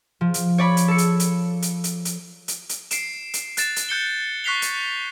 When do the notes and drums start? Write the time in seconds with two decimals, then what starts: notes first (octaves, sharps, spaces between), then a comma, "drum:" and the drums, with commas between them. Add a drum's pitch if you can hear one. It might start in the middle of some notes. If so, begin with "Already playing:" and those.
0.21 F3
0.34 drum: hi-hat
0.58 C#5 D5 B5
0.77 drum: hi-hat
0.88 A4 C#7
0.98 drum: hi-hat
1.20 drum: hi-hat
1.62 drum: hi-hat
1.84 drum: hi-hat
2.05 drum: hi-hat
2.48 drum: hi-hat
2.69 drum: hi-hat
2.91 C7 D7 E7, drum: hi-hat
3.34 drum: hi-hat
3.57 F#6 A6 E7, drum: hi-hat
3.76 drum: hi-hat
3.89 F#6 G6 C#7 G7
4.44 C#6 F#6 B6 C7 F7 G7
4.62 drum: hi-hat